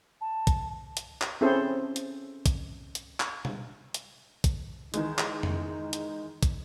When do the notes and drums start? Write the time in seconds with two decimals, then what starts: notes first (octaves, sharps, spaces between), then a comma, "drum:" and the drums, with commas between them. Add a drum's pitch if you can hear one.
0.21 A5
0.47 drum: kick, hi-hat
0.97 drum: hi-hat
1.21 drum: clap
1.41 C4 C#4 E4 G#4 A4 C5
1.96 drum: hi-hat
2.46 drum: kick, hi-hat
2.95 drum: hi-hat
3.20 drum: clap
3.45 drum: tom B2
3.94 drum: hi-hat
4.44 drum: kick, hi-hat
4.94 D#3 E3 G#3 D#4, drum: hi-hat
5.18 drum: clap
5.43 drum: tom F2
5.93 drum: hi-hat
6.43 drum: kick, hi-hat